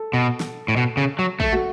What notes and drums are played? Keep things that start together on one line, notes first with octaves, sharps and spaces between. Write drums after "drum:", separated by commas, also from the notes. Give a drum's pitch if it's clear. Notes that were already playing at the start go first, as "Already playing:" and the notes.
Already playing: A4
B2
drum: snare
A2
B2
C#3
F#3
A3 A4, drum: kick
F#4